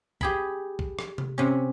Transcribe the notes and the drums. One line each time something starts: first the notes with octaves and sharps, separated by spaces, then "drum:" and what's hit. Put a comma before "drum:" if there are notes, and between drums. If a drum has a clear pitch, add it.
G4 G#4 B5, drum: kick B1
drum: kick B1
drum: rim click
drum: tom C3
C3 C#4